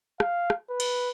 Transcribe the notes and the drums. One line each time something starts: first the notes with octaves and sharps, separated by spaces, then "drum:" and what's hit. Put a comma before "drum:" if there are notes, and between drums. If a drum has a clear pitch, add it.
F5, drum: rim click
drum: rim click
B4
drum: cymbal